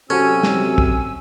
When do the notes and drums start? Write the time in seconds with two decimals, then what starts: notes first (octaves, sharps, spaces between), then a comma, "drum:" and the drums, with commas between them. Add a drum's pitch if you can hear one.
0.10 C3 F#3 C4 C#4 F#4 A4 G#5 E6
0.43 drum: snare
0.78 drum: kick